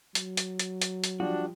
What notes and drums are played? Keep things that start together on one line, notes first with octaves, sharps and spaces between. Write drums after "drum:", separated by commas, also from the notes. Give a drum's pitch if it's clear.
F#3, drum: hi-hat
drum: hi-hat
drum: hi-hat
drum: hi-hat
drum: hi-hat
F3 G3 D4 F#4